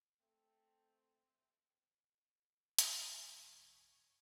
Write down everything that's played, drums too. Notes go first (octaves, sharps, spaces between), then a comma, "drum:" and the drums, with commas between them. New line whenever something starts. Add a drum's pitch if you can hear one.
A3 C4
E1 A1 F2 C#5, drum: hi-hat